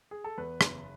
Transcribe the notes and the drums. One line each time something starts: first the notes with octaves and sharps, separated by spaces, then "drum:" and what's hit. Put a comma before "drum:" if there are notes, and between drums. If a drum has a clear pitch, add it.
G#4
A4
E2 B4
F#1, drum: rim click